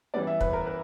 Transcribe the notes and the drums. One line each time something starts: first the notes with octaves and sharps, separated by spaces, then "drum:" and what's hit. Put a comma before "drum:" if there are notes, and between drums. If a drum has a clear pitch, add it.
E3 G3 B3 D5
E5
B4, drum: kick
A#4
B4